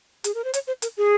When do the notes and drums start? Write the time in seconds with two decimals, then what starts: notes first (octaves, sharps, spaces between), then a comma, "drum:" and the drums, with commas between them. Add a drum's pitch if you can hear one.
0.24 G#4, drum: hi-hat
0.34 A#4
0.44 C5
0.54 C#5, drum: hi-hat
0.67 C5
0.82 A#4, drum: hi-hat
0.97 G#4